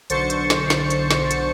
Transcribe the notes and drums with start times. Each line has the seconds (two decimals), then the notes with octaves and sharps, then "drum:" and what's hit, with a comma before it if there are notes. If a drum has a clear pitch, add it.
0.10 B1 D3 C5 C#6 A6 C#7, drum: hi-hat
0.30 drum: hi-hat
0.50 drum: snare
0.70 drum: snare
0.90 drum: hi-hat
1.11 drum: snare
1.31 drum: hi-hat